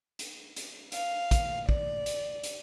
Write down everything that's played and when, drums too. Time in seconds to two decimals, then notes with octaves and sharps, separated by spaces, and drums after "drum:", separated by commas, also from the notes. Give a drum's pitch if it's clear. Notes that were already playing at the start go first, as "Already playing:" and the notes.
0.19 drum: hi-hat
0.56 drum: hi-hat
0.92 F5, drum: hi-hat
1.31 drum: kick, hi-hat
1.69 D5, drum: kick
2.06 drum: hi-hat
2.43 drum: hi-hat